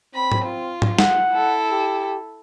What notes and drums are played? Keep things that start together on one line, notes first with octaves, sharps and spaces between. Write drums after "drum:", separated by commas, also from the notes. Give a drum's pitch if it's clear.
C4 B5
drum: tom G#2
F4
drum: tom G#2
F#5, drum: snare
E4 A4
G4